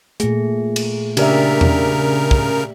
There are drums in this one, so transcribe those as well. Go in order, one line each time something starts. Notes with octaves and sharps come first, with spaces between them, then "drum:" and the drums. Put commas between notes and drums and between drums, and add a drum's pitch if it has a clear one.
A#2 A3 G#4, drum: hi-hat
drum: cymbal
C#3 D4 G4 A#4 D5 E5, drum: cymbal
drum: tom E2
drum: kick